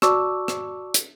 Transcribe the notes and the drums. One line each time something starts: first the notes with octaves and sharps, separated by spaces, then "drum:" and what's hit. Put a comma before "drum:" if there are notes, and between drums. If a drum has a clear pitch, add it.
F#4 D5 A5 C#6 D6 E6, drum: rim click
drum: rim click
drum: hi-hat